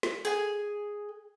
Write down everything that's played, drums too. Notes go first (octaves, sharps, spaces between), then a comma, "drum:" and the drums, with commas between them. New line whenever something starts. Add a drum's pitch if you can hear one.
drum: snare
G#4 G#5, drum: hi-hat